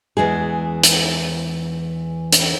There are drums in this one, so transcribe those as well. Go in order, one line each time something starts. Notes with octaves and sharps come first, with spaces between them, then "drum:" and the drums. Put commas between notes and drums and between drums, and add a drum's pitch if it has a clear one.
E2 E3 G#3 G#4
drum: hi-hat
drum: hi-hat